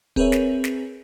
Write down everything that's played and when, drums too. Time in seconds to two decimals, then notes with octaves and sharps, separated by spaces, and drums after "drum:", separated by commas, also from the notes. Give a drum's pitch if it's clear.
0.16 C4 G#4 A#4 B4 C#5 E5, drum: kick
0.32 drum: snare
0.64 drum: snare